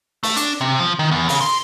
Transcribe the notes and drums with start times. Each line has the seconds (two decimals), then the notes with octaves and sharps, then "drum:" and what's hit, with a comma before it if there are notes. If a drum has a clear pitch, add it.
0.23 A3, drum: open hi-hat
0.36 D4, drum: hi-hat
0.61 C3
0.80 F3
0.99 D#3
1.11 E2
1.29 C#3, drum: open hi-hat
1.41 C6